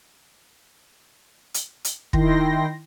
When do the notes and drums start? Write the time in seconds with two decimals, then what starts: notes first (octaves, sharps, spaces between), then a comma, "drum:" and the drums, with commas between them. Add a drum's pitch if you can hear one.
1.54 drum: hi-hat
1.85 drum: hi-hat
2.13 D#3 E4 G5 C6 A#6, drum: kick